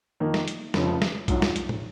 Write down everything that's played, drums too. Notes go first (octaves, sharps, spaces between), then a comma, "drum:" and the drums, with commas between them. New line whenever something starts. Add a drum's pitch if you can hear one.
F2 D#3 A#3 D#4
drum: snare
drum: hi-hat
F1 F2 C#3 F3, drum: snare
drum: snare
A#1 G#2 F#3, drum: kick A#1, hi-hat
drum: snare
drum: hi-hat
drum: tom